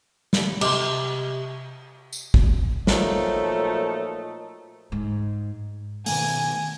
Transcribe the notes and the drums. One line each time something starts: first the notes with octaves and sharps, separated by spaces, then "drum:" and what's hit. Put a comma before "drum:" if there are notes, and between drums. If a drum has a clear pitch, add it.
drum: snare
C3 D#5 C6 D6, drum: cymbal
drum: tambourine
drum: kick
A#2 F3 F#3 A3 D#4, drum: snare
G#2
B2 D#3 A3 G#5, drum: open hi-hat